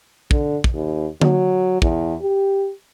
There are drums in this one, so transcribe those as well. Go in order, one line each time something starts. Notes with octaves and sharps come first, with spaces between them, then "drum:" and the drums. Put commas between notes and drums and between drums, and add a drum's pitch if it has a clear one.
D3, drum: kick
drum: kick
D#2
F#3, drum: tom D3
E2, drum: kick
G4